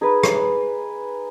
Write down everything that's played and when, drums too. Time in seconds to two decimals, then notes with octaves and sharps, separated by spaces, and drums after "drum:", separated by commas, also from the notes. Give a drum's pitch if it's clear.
0.01 D#4 G#4 B4
0.23 drum: rim click